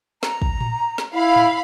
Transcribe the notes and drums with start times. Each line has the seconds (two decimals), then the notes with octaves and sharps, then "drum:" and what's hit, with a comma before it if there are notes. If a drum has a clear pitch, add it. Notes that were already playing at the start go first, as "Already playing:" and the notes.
0.23 A#5, drum: snare
0.42 drum: kick
0.61 drum: tom A2
0.98 drum: snare
1.13 E4 F5 B5
1.36 drum: tom A2